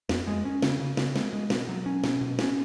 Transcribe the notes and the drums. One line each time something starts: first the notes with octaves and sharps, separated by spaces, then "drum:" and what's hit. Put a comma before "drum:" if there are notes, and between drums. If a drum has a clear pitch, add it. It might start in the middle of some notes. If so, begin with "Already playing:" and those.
F2, drum: snare
G#3
C#4
C#3, drum: snare
C#3
C#3, drum: snare
G#3, drum: snare
G#3
B2, drum: snare
F#3
C#4
B2, drum: snare
B2
C#4, drum: snare